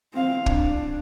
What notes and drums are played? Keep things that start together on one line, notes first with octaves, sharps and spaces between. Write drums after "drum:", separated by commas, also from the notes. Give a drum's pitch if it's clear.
C4 F5
D4, drum: kick